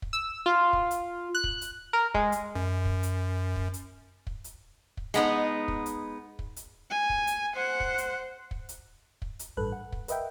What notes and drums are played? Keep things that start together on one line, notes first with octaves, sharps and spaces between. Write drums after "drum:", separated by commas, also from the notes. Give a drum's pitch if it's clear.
drum: kick
E6
F4
drum: kick
drum: hi-hat
F#6
drum: kick
drum: hi-hat
A#4
G#3, drum: kick
drum: hi-hat
F#2
drum: kick
drum: hi-hat
drum: kick
drum: hi-hat
drum: kick
drum: hi-hat
drum: kick
G#3 B3 D#4, drum: hi-hat
drum: kick
drum: hi-hat
drum: kick
drum: hi-hat
G#5
drum: kick
drum: hi-hat
C5 F#5
drum: kick
drum: hi-hat
drum: kick
drum: hi-hat
drum: kick
drum: hi-hat
A1 G2 A4 B4 F#6
F#5
drum: kick
A#4 B4 D#5 E5 F#5 G5, drum: hi-hat